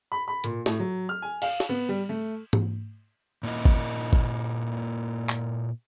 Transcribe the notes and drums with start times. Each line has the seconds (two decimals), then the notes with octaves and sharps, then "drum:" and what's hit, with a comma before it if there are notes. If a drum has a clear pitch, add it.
0.12 B5
0.28 B5
0.44 A#2, drum: hi-hat
0.66 A2, drum: snare
0.80 F#3
1.09 F6
1.22 G#5
1.42 F5, drum: cymbal
1.60 drum: snare
1.69 B3
1.89 G3
2.09 A3
2.53 drum: tom G#2
3.43 A#2 A#3 E4 D#5
3.65 drum: kick G#1
4.13 drum: kick G#1
5.29 drum: clap